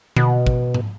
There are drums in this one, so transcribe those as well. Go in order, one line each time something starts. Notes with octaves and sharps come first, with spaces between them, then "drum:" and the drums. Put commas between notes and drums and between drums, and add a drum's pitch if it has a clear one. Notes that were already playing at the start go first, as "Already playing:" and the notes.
B2, drum: tom D3
drum: kick
drum: tom G#2